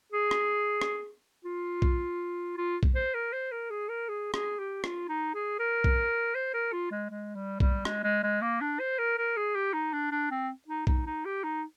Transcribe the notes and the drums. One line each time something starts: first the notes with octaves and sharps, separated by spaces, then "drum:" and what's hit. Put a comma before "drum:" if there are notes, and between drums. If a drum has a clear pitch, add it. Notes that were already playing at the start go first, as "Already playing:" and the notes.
G#4
drum: rim click
drum: rim click
F4
drum: kick
F4
drum: kick
C5
A#4
C5
A#4
G#4
A#4
G#4
G#4, drum: rim click
G4
F4, drum: rim click
D#4
G#4
A#4
drum: kick
C5
A#4
F4
G#3
G#3
G3
G3, drum: kick
G#3, drum: rim click
G#3
G#3
A#3
D4
C5
A#4
A#4
G#4
G4
D#4
D4
D4
C4
D#4
D#4, drum: kick
D#4
G4
D#4